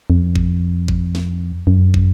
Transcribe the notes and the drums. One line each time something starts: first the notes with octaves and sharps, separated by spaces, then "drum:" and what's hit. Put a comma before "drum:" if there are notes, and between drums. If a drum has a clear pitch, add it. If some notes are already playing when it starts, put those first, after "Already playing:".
F2
drum: kick
drum: kick
drum: snare
F#2
drum: kick